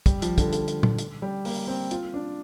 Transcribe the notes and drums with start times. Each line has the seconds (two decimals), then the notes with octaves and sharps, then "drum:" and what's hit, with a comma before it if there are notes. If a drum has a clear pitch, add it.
0.06 G3, drum: kick, hi-hat
0.22 F3, drum: hi-hat
0.38 D3, drum: kick, hi-hat
0.53 D3, drum: hi-hat
0.68 drum: hi-hat
0.83 drum: tom
0.99 drum: hi-hat
1.22 G3
1.45 A#3, drum: open hi-hat
1.67 C4
1.91 F4, drum: hi-hat
2.14 D4